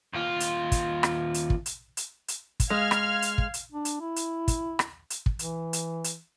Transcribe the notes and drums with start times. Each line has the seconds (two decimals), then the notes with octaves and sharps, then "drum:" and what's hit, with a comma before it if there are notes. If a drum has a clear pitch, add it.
0.13 D#2 F4
0.40 drum: hi-hat
0.72 drum: kick, hi-hat
1.03 drum: rim click
1.34 drum: hi-hat
1.50 drum: kick
1.66 drum: hi-hat
1.97 drum: hi-hat
2.28 drum: hi-hat
2.60 drum: kick, hi-hat
2.70 G#3 F5 F6 G#6
2.91 drum: rim click
3.22 drum: hi-hat
3.38 drum: kick
3.54 drum: hi-hat
3.72 D4
3.85 drum: hi-hat
4.01 E4
4.16 drum: hi-hat
4.48 drum: kick, hi-hat
4.79 drum: rim click
5.10 drum: hi-hat
5.26 drum: kick
5.39 E3, drum: hi-hat
5.73 drum: hi-hat
6.04 drum: hi-hat